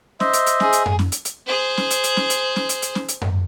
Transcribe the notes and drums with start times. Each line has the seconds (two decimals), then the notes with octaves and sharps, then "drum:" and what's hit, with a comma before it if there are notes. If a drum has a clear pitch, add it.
0.20 C5 D#5 E5, drum: snare C#4
0.33 drum: hi-hat
0.46 drum: hi-hat
0.60 G#4, drum: snare C#4
0.73 drum: hi-hat
0.86 drum: tom F#2
0.99 drum: snare C#4
1.12 drum: hi-hat
1.25 drum: hi-hat
1.46 G#4 C5
1.77 drum: snare C#4
1.90 drum: hi-hat
2.04 drum: hi-hat
2.17 drum: snare C#4
2.30 drum: hi-hat
2.56 drum: snare C#4
2.69 drum: hi-hat
2.82 drum: hi-hat
2.95 drum: snare C#4
3.08 drum: hi-hat
3.21 drum: tom F#2